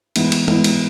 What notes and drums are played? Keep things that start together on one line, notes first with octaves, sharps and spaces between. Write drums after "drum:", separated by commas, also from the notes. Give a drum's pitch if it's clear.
G#2 E3 B3 E4, drum: cymbal
drum: cymbal
G#2 E3 B3 E4, drum: tom G#3
drum: cymbal